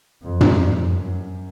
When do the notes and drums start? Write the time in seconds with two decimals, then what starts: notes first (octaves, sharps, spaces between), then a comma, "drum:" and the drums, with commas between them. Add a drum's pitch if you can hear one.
0.23 F2
0.41 drum: tom
0.82 F#2